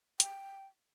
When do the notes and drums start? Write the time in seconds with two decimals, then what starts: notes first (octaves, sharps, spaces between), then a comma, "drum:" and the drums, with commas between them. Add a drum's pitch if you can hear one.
0.20 G5, drum: hi-hat